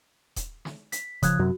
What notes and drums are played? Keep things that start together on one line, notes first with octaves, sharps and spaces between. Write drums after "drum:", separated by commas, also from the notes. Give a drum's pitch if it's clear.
drum: kick D#1, hi-hat
drum: snare
B6, drum: hi-hat
C#3 F3 D#6 F#6 G#6, drum: kick D#1, hi-hat
F#2 C3 F#3 F#4